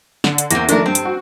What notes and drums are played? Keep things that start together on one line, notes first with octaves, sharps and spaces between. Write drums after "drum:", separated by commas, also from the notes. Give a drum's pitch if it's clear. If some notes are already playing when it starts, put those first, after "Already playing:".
D3, drum: snare
drum: hi-hat
E2 A#3 C4, drum: hi-hat
D#3 F3 A3 D4 A#4, drum: hi-hat
G2 C4
drum: hi-hat
F#4